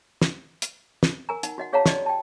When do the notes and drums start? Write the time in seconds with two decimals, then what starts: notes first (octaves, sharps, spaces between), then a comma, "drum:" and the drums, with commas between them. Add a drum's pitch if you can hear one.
0.22 drum: snare
0.62 drum: hi-hat
1.03 drum: snare
1.29 A#4 G#5 A#5
1.43 D#4 F#5, drum: hi-hat
1.58 F#4 D#5 F#5
1.73 G#4 C#5 F5 F#5 A5 A#5
1.86 F#4 G4 D5 D#5, drum: snare
2.06 G5 A5